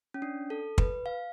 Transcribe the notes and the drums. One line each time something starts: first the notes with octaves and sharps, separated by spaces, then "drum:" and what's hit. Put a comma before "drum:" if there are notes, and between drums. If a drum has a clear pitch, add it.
C#4
D4
A4
B4, drum: kick
F5